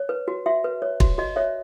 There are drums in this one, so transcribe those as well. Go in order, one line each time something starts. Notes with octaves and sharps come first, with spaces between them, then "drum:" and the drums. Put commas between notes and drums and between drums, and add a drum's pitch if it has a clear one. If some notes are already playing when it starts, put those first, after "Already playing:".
Already playing: C#5
B4
F#4
F#4 E5
B4
C#5
F#4, drum: kick
F#4 D#5
C#5 E5